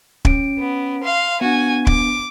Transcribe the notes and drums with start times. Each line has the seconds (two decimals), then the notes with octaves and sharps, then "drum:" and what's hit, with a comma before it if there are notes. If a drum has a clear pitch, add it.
0.25 C#4 D7, drum: kick
0.59 B3
1.04 F5 C6
1.41 B3 D4 F#4 G#5
1.87 D6, drum: kick